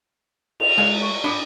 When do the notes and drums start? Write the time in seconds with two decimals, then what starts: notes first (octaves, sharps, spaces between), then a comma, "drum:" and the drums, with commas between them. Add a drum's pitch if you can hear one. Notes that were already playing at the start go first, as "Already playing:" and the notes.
0.60 F7, drum: cymbal
0.78 G#3 F5 G#5
1.02 C#6
1.24 D4 B5 D#6